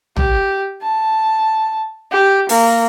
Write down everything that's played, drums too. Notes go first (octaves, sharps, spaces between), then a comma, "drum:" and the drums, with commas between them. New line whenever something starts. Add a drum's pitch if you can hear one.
G4, drum: tom A#1
A5
G4
A#3, drum: open hi-hat